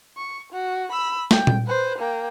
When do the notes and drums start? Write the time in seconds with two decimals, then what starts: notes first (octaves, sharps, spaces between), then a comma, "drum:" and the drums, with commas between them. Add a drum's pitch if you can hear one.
0.17 C#6
0.52 F#4
0.91 B5 E6
1.31 G5, drum: snare
1.47 drum: tom A#2
1.67 B4 C5
1.98 A#3 G5